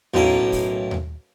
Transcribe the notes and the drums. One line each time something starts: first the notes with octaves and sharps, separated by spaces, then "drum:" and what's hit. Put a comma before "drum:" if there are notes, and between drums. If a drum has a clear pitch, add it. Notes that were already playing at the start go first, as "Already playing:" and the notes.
B1 A2 A#3 C#4, drum: tom D#2
drum: kick, open hi-hat
drum: tom D#2